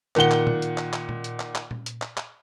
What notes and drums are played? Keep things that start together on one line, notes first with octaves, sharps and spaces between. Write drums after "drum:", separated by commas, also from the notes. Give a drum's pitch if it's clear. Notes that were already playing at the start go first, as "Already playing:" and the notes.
A#2 D#3 F#5 G7, drum: clap
drum: clap
drum: tom A#2
drum: hi-hat
drum: clap
drum: clap
drum: tom A#2
drum: hi-hat
drum: clap
drum: clap
drum: tom A#2
drum: hi-hat
drum: clap
drum: clap